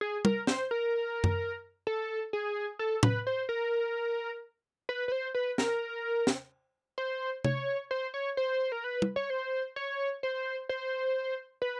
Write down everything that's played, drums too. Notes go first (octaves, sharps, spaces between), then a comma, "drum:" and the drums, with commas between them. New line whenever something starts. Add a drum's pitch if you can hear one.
G#4
A#4, drum: tom
C5, drum: snare
A#4
drum: tom F#2
A4
G#4
A4
B4, drum: tom A2
C5
A#4
B4
B4
C5
B4
A#4, drum: snare
drum: snare
C5
C#5, drum: tom
C5
C#5
C5
A#4
B4
drum: tom
C#5
C5
C#5
C5
C5
B4